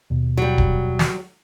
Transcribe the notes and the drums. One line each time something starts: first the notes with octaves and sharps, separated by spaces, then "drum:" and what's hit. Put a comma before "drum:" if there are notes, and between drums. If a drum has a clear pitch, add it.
D#2 B2
F#3 G3
drum: kick D1
drum: snare